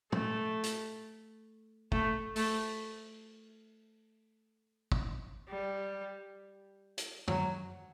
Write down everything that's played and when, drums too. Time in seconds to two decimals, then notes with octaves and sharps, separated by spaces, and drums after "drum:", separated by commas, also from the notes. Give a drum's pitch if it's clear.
0.12 A3, drum: tom
0.63 drum: hi-hat
1.92 A3, drum: kick
2.36 A3, drum: open hi-hat
4.92 drum: kick
5.49 G3
6.98 drum: hi-hat
7.28 F#3, drum: tom